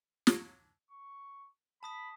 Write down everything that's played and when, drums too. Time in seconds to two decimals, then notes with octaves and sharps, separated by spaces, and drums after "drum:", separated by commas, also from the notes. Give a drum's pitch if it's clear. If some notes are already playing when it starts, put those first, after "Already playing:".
0.27 drum: snare
0.91 C#6
1.83 A5 B5 D#6 B6